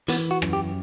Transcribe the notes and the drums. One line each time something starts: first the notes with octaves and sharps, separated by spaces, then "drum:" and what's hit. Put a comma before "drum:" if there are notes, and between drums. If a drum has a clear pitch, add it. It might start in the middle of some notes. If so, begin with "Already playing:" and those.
E3 B3, drum: hi-hat
F#4
F#2, drum: rim click
G4